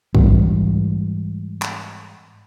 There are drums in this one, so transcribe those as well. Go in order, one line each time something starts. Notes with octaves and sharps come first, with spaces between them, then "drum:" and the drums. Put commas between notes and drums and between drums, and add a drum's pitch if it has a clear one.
G#2 E3 G3, drum: kick
drum: clap